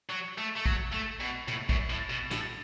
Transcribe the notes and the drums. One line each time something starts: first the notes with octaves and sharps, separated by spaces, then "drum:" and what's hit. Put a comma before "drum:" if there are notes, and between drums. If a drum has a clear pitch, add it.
F#3
A3
A3
F#3, drum: kick
A3
B2
A2, drum: tom
F#2, drum: kick
A2
B2
A2, drum: snare